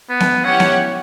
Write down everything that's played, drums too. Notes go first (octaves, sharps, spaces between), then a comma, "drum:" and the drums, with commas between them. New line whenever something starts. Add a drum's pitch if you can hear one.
B3
drum: snare B3
C#4 E4 G4 C#5 F#5
drum: snare B3